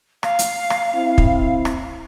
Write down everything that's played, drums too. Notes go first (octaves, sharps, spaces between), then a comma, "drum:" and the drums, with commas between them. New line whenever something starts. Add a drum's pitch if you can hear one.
F5, drum: rim click
drum: hi-hat
drum: rim click
C4 E4
drum: kick
drum: rim click